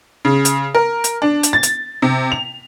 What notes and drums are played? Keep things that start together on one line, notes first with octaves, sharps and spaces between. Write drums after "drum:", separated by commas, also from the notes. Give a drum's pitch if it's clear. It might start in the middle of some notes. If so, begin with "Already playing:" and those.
C#3
drum: hi-hat
A#4
drum: hi-hat
D4
drum: hi-hat
A6
drum: hi-hat
C3
F7